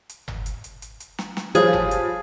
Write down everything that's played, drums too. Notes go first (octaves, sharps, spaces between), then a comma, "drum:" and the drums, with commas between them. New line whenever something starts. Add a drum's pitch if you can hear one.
drum: hi-hat
drum: tom G1
drum: hi-hat
drum: hi-hat
drum: hi-hat
drum: hi-hat
drum: snare
drum: snare
F3 G3 F4 G#4 C5 C#5, drum: hi-hat
drum: tom G1
drum: hi-hat